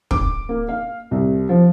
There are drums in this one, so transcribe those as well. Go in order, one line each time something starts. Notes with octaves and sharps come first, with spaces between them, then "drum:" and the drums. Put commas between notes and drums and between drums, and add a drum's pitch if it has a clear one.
D6, drum: kick
A#3
F5
C2
F3